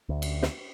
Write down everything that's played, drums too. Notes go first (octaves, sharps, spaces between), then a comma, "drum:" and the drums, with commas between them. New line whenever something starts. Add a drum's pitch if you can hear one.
D2
drum: cymbal
drum: snare